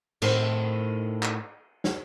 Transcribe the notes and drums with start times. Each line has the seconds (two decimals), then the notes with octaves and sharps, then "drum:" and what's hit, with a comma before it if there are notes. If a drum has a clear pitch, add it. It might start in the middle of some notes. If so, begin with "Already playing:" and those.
0.22 A2 D#3 C4, drum: cymbal
1.23 drum: clap
1.84 drum: snare